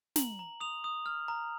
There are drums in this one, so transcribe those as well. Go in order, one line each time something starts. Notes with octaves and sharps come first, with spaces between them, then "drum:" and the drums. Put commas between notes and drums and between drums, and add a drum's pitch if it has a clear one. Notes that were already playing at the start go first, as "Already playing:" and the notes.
A#5 F#7, drum: snare
A#5
D#6 F7
D#6
F6
A#5